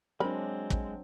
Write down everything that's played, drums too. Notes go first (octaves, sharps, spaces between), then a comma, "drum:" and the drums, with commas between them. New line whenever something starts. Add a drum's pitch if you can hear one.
F#3 G#3 C4 D4 A#4 B5
drum: kick